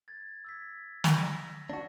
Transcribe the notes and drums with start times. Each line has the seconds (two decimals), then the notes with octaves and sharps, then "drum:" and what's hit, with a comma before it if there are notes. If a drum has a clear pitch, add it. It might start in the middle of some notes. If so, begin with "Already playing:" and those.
0.08 G#6 A6
0.44 E6 G#6 B6
1.04 A#6, drum: snare
1.70 D4 F#4 A#6